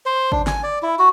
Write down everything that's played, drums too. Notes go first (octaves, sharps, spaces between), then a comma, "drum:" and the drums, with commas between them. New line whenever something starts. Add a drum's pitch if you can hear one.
C5
D4, drum: kick
G#5, drum: snare
D5
E4
F#4